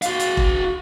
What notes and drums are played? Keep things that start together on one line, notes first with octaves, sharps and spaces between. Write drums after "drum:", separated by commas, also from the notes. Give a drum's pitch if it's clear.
F#4 F5, drum: hi-hat
drum: hi-hat
drum: kick F1